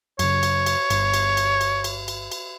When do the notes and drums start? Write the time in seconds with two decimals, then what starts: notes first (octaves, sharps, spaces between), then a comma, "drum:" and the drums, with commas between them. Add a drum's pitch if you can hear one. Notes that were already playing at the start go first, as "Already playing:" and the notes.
0.19 F#2 C#3 C#5, drum: cymbal
0.43 drum: cymbal
0.66 drum: cymbal
0.90 G1, drum: cymbal
1.14 drum: cymbal
1.37 drum: cymbal
1.61 drum: cymbal
1.84 drum: cymbal
2.08 drum: cymbal
2.32 drum: cymbal